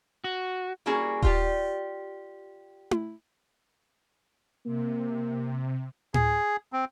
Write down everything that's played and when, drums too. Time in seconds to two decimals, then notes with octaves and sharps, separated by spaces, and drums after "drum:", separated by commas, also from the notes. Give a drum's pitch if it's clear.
0.24 F#4
0.86 G3 A#3 C#4 E4 F#4 G#4
1.22 F4 G4 D5, drum: kick D#1
2.91 drum: tom E4
4.66 C3 A#3
6.14 G#4, drum: tom A2
6.73 C4